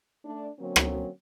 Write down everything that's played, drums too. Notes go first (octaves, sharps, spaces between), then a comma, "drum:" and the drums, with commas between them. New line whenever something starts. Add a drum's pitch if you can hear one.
A3 D4
D3 F#3 A#3 C4 C#4
drum: rim click